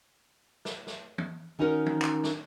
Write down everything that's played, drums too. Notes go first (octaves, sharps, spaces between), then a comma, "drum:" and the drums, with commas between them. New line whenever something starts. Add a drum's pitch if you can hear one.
drum: snare
drum: snare
drum: tom
D#3 C#4 D#4 F#4 A#4
drum: tom
drum: clap
drum: snare